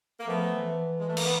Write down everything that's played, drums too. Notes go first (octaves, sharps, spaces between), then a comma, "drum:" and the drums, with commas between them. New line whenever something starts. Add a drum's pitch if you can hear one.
A#3
F3 A3 B3
E3
G#3
A3
A#3, drum: cymbal
B3